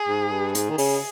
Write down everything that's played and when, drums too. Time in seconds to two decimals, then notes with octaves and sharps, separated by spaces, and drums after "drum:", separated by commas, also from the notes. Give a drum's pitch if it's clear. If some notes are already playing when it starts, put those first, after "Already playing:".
Already playing: G#4
0.08 G#2
0.31 G2
0.55 G#2 G#4, drum: hi-hat
0.69 D#3
0.78 C#3, drum: open hi-hat